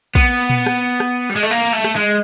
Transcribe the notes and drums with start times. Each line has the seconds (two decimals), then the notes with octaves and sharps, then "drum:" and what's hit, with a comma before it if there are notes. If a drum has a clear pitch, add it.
0.15 B3, drum: kick
0.50 drum: tom A#2
0.66 drum: rim click
1.00 drum: rim click
1.29 G3
1.36 G#3
1.43 A3
1.51 A#3
1.73 A3
1.84 drum: rim click
1.96 G#3